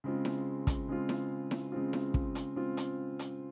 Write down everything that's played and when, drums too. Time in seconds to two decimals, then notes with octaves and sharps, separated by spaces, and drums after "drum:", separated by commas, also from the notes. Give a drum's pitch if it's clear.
0.04 C#3 G#3 C4 F4
0.25 drum: snare E4
0.67 drum: kick, hi-hat
0.88 C#3 G#3 C4 F4
1.09 drum: snare E4
1.51 drum: snare E4
1.72 C#3 G#3 C4 F4
1.93 drum: snare E4
2.14 drum: kick
2.35 drum: hi-hat
2.56 C#3 G#3 C4 F4
2.77 drum: hi-hat
3.19 drum: hi-hat